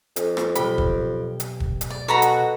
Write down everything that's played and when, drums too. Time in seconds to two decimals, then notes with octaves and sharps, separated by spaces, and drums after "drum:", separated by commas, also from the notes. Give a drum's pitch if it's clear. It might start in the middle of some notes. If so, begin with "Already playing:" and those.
0.16 F2, drum: hi-hat
0.37 drum: rim click
0.55 B1 G4 B5, drum: hi-hat
0.78 drum: kick
1.40 drum: hi-hat
1.60 drum: kick
1.81 drum: hi-hat
1.90 D5
2.08 B2 F#4 A4 A#5 B5
2.22 drum: hi-hat